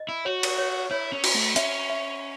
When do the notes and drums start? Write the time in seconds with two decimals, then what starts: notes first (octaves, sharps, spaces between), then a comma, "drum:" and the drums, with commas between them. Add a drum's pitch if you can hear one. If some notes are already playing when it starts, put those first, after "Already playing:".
Already playing: D#5
0.09 E4
0.25 F#4 C#5
0.43 drum: cymbal
0.58 C#5
0.91 E4 C#5
1.12 C#4
1.24 F#4, drum: cymbal
1.34 A3
1.56 C#4 E5, drum: hi-hat
1.89 E5